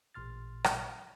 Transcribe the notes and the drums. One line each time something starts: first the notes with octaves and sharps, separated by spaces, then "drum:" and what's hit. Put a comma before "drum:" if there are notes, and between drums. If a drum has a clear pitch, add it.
A1 A#2 C6 F6 A6
drum: rim click